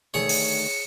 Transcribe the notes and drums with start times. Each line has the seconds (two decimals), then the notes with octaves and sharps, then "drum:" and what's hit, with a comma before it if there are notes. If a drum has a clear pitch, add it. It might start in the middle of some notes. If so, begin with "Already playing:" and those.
0.14 D2 D#3 A3 G#4 C#5 C#7
0.29 drum: open hi-hat